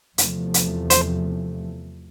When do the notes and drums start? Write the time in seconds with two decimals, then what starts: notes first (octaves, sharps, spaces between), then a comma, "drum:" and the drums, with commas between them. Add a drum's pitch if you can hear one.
0.18 E2 C3 F3 A3, drum: hi-hat
0.54 drum: hi-hat
0.90 C5, drum: hi-hat